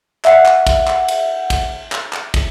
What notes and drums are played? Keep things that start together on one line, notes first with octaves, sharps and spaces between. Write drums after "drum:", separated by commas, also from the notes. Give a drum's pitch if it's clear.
E5 F#5, drum: clap
drum: clap
drum: kick, cymbal
drum: clap
drum: cymbal
drum: kick, cymbal
drum: clap
drum: clap
drum: kick, cymbal